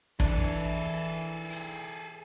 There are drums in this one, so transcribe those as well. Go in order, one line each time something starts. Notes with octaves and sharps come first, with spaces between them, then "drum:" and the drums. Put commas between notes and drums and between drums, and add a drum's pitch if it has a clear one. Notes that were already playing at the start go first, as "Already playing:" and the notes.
E3 D4 G#4 A4, drum: kick
drum: hi-hat